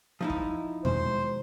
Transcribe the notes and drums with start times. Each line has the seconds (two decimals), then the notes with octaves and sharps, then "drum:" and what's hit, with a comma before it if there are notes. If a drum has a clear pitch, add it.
0.21 F3 D#4 E4
0.30 drum: kick
0.85 B2 D#3 G#3 C5, drum: tom E2